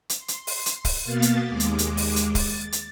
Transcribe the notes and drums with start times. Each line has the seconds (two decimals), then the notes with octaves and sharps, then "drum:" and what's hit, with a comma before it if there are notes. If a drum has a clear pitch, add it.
0.09 drum: hi-hat
0.18 C6
0.28 drum: hi-hat
0.47 drum: open hi-hat
0.66 drum: hi-hat
0.85 drum: kick, open hi-hat
1.04 B2 A#3 B3 F5 A6
1.22 drum: hi-hat
1.48 D#2 G#3 D6
1.60 drum: hi-hat
1.79 drum: hi-hat
1.97 drum: open hi-hat
2.16 drum: hi-hat
2.35 A6, drum: kick, open hi-hat
2.72 drum: hi-hat